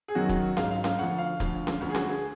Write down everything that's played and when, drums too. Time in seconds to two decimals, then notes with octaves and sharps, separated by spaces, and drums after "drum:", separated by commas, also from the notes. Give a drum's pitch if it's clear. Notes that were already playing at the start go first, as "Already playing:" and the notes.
0.08 G#4
0.15 F#2 D#3 F#3 F#4
0.29 drum: kick, hi-hat
0.57 G#2 F#3 F5, drum: snare C#4
0.71 F5
0.84 F5, drum: snare C#4
0.98 D2 D3 F3 F#5
1.18 F5
1.40 D2 D3 F3, drum: kick, hi-hat
1.67 drum: snare C#4
1.81 D2 D3 F3
1.90 G#4
1.95 F#4, drum: snare C#4
2.08 G#4